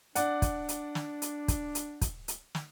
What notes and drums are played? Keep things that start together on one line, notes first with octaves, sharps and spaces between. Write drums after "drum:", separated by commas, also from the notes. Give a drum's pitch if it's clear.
D4 D5 F#5, drum: hi-hat
drum: kick, hi-hat
drum: hi-hat
drum: snare
drum: hi-hat
drum: kick, hi-hat
drum: hi-hat
drum: kick, hi-hat
drum: hi-hat
drum: snare